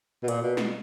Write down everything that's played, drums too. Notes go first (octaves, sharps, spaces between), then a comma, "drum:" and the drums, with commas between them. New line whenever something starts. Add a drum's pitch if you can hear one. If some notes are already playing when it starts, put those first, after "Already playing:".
B2
A#2, drum: hi-hat
B2
drum: snare